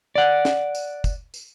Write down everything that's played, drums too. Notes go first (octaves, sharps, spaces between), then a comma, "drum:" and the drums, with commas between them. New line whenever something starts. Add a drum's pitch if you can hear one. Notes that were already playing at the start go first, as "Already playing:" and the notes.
D5 F#5
drum: snare
drum: tambourine
drum: kick, tambourine
drum: tambourine